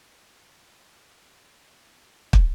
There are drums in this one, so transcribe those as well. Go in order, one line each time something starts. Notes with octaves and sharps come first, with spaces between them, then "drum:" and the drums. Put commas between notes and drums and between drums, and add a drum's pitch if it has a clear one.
A#3
G3
F#3
F#3
E3
E3
F#3
E3
D3
drum: kick